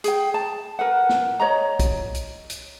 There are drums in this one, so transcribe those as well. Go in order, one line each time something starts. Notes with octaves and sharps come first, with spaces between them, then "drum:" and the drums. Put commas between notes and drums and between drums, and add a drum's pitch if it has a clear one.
G#4 G5, drum: hi-hat
A5
A#4 B4 F#5
drum: snare
C#5 D#5 A#5
drum: kick B1, hi-hat
drum: hi-hat
drum: hi-hat